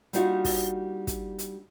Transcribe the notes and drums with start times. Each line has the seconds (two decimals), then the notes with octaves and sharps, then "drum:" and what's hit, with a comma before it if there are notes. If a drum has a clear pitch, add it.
0.13 G3 A#3 D4 D#4 F4 F#4, drum: hi-hat
0.45 drum: kick, open hi-hat
1.07 drum: kick, hi-hat
1.39 drum: hi-hat